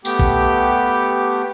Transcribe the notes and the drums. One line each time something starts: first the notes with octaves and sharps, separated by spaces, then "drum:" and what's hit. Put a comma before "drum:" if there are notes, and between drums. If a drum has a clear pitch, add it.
A3 B3 G4, drum: tambourine
drum: kick A1